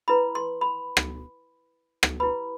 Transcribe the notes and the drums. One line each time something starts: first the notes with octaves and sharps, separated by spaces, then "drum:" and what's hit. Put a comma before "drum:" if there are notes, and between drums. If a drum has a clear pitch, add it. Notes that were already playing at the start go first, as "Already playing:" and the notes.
E4 B4 B5
C6
B5
drum: rim click
drum: rim click
E4 G4 B4 B5